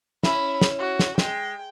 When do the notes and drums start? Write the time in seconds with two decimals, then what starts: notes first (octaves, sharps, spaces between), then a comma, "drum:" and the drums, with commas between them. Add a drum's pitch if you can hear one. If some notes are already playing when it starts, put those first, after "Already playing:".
0.23 C#4 E4 B5, drum: snare
0.61 drum: snare
0.79 F#4
0.99 drum: snare
1.18 G#3 G5, drum: snare